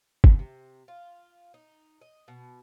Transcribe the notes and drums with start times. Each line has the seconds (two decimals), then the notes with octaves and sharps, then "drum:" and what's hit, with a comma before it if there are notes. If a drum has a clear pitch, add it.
0.24 E4, drum: kick F#1
0.39 C3
0.88 F4
1.54 D#4
2.01 D#5
2.28 B2